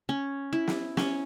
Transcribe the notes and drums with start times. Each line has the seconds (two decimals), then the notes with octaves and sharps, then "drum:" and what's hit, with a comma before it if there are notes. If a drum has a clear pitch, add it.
0.09 C#4
0.53 E4
0.67 drum: snare
0.97 C#4, drum: snare